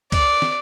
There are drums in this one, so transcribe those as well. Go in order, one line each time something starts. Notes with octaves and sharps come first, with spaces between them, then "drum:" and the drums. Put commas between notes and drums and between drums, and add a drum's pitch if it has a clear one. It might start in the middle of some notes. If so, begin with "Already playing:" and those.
D5, drum: kick, cymbal
drum: snare